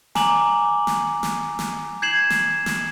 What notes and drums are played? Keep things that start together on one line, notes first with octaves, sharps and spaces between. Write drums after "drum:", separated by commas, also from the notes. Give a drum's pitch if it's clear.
G#5 A#5 D6 F#7, drum: snare
drum: snare
drum: snare
drum: snare
G6 G#6 C7 E7 F#7
drum: snare
drum: snare